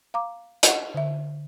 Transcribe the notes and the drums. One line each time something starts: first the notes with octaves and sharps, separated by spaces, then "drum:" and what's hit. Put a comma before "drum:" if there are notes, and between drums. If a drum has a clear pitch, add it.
F5 A#5 D6
D#5 F#5, drum: hi-hat
D3 E5